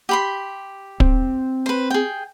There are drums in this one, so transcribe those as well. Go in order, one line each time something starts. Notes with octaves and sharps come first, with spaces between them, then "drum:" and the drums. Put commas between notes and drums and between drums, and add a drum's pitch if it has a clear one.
G4 B5 C6
C4, drum: kick
B4 C5
G#4 G5